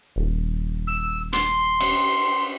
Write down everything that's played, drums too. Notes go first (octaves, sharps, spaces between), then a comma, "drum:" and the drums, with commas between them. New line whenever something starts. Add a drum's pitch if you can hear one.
D#1
E6
C6, drum: hi-hat
drum: cymbal